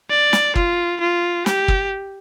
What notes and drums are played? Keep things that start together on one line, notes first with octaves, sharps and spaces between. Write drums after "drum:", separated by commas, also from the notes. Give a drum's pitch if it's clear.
D5
drum: snare
F4, drum: kick
F4
G4, drum: snare
drum: kick